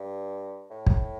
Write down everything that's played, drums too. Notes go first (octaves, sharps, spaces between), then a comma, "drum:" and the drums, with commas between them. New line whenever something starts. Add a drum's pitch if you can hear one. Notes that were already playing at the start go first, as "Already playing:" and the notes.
Already playing: G2
A2
drum: kick